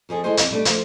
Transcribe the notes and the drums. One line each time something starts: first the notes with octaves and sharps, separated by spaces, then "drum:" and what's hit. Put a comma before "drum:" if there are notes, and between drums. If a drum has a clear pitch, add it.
F2 F3 G#4 A4
E3 G#3 G#4 A4 C5 D#5
F2, drum: hi-hat
G3 A3 D4
F3, drum: hi-hat